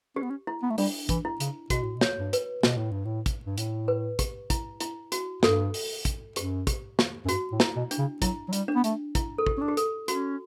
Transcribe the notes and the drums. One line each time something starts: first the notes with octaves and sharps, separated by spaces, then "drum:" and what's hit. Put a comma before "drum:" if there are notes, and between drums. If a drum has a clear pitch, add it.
C#4 G4
B3
C#4
E4
B3
A3
G3 D4, drum: open hi-hat
E3, drum: kick, hi-hat
E4
C#3, drum: hi-hat
B2 F#4, drum: kick, hi-hat
A2
B2
C#5, drum: snare
G2
B4, drum: hi-hat
B2, drum: snare
A2
G2
A2
drum: kick, hi-hat
G2
A2, drum: hi-hat
B4
G4, drum: kick, hi-hat
E4, drum: kick, hi-hat
E4, drum: hi-hat
F#4, drum: hi-hat
G2 A4, drum: snare
drum: open hi-hat
drum: kick, hi-hat
F#2 G4, drum: hi-hat
G4, drum: kick, hi-hat
G4, drum: snare
F#2
G2 F#4, drum: hi-hat
A2
E4, drum: snare
B2
D4, drum: hi-hat
C#3
F#3 E4, drum: kick, hi-hat
F#3
G3, drum: hi-hat
D4
B3
A3, drum: hi-hat
E4, drum: kick, hi-hat
A4
G4, drum: kick
C#4
D4
G4
A4, drum: hi-hat
C#4 F#4, drum: hi-hat